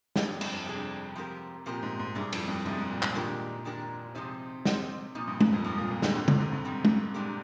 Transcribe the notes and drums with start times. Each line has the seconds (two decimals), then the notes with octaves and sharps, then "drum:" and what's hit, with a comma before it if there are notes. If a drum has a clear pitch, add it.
0.16 F2 G#3 D4 G#4, drum: snare
0.28 G2
0.41 G2, drum: cymbal
0.53 F2
0.66 C3 G#3 D4 G#4
1.16 F3 G#3 C4 G4 A#4
1.66 A#2 F3 G#3 C4 G4 A#4
1.83 G#2
1.99 G#2
2.15 G2 C3 G3 D4 G#4
2.32 F2, drum: cymbal
2.48 G2
2.65 G#2 C3 G3 D4 G#4
2.78 G#2
2.91 A#2
3.03 G#2, drum: clap
3.15 A#2 D#3 G#3 D4 G4 A#4
3.65 D#3 G#3 D4 G4 A#4
4.15 C3 F3 G#3 C4 D#4
4.65 F3 G#3 C4 D#4, drum: snare
5.15 A#2 F3 A#3 D#4
5.28 G2
5.40 G#2, drum: tom G#3
5.53 F2
5.64 G2 F3 A#3 D#4
5.78 A#2
5.90 A#2
6.02 D3, drum: snare
6.14 D3 D#3 G3 C4
6.28 C3, drum: tom C#3
6.40 G#2
6.52 G2
6.65 D#3 G3 C4
6.85 drum: tom G#3
7.14 A#2 G#3 D4 G4 A#4